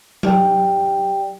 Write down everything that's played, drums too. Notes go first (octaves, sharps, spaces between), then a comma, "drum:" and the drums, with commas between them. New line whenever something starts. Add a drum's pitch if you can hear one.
G4 D5 G5, drum: tom F#3